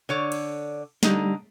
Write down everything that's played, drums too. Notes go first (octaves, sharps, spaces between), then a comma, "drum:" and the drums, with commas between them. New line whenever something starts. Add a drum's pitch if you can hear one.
D3 C#5 D5
drum: cymbal
D3 G3 D#4, drum: snare